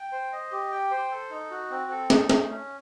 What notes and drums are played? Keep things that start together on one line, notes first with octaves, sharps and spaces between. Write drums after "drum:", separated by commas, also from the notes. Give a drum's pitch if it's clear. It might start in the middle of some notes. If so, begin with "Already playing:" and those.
Already playing: G5
C5
D#5
G4
G5
C5
A4
D#4
F#4
C4
A4
D#4, drum: snare
A3, drum: snare
C#4